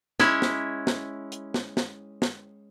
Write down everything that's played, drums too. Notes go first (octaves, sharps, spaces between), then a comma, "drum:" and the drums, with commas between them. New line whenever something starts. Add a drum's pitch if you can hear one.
G#3 C#4 E4, drum: snare
drum: snare
drum: snare
drum: hi-hat
drum: snare
drum: snare
drum: snare